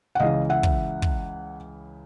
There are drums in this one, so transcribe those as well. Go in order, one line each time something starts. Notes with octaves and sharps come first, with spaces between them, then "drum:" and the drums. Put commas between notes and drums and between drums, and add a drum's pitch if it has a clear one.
F#5
C#2 C#3 E3 D#5 F5
E5 F#5
drum: kick
drum: kick